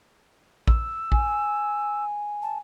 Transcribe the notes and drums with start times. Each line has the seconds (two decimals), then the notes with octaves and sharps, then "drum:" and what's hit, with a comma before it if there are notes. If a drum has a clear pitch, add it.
0.68 E6, drum: kick A#1
1.12 G#5, drum: kick A#1
2.42 A5